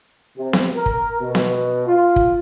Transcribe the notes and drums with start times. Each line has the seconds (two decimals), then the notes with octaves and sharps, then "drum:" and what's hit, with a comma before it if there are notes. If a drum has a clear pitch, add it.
0.37 C3
0.53 drum: snare B3
0.76 A#4
0.86 drum: kick
1.21 B2
1.35 drum: snare B3
1.87 F4
2.16 drum: kick